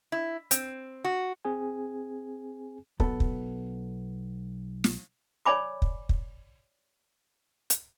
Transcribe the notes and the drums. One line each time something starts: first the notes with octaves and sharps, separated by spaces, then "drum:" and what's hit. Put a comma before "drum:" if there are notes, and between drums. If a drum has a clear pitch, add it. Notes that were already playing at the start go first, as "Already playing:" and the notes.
E4
C4, drum: hi-hat
F#4
C4 G#4 G#5
B1 B3 A4, drum: kick
drum: kick
drum: snare
C#5 D5 G#5 B5 D6
drum: kick
drum: kick
drum: hi-hat